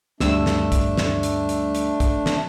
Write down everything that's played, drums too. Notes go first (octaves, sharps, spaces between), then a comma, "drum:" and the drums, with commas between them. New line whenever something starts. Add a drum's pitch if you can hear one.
D2 G2 A3 D4 E6, drum: snare
drum: snare
drum: kick, hi-hat
drum: snare
drum: hi-hat
drum: hi-hat
drum: hi-hat
drum: kick, hi-hat
drum: snare